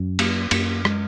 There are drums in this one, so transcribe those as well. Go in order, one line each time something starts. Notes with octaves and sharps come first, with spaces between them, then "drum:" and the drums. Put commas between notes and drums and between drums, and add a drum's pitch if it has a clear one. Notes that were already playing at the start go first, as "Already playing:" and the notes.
Already playing: F#2
A#3, drum: cymbal
F#2 A#3, drum: cymbal
G#3, drum: rim click